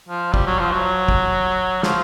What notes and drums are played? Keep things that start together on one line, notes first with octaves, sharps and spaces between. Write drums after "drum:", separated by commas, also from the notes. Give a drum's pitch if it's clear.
F3
G3, drum: kick
F#3
F3
F#3
drum: kick
F3, drum: snare